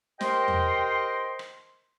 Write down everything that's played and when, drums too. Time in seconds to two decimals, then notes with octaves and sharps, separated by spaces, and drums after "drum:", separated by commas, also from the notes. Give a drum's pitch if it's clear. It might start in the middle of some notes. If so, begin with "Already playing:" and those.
0.21 G4 A#4 C5 D#5 G5 C6, drum: snare
0.48 drum: tom E2
1.39 drum: rim click